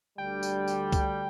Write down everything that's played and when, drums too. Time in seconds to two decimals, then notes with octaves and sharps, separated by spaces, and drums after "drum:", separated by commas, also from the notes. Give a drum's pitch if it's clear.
0.18 D2 D3 G3 G5
0.43 drum: tambourine
0.68 drum: tambourine
0.92 drum: kick C2, tambourine